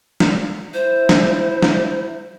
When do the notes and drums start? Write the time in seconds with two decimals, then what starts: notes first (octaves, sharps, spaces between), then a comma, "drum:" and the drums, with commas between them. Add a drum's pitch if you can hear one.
0.20 drum: snare
0.74 E4 C5
1.09 drum: snare
1.62 drum: snare